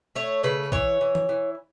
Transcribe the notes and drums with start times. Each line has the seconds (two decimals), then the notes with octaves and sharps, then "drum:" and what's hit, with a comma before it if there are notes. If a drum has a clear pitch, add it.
0.15 A3 C#5
0.43 C#3 B4
0.72 E3 C#5, drum: kick A#1
1.01 E3
1.15 drum: tom E3
1.29 E3